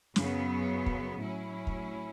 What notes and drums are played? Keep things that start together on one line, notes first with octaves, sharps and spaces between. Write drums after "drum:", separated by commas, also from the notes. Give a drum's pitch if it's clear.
F#2 C#3 F#3 B3, drum: snare
drum: kick
A2 F#3 C#4 E4
drum: kick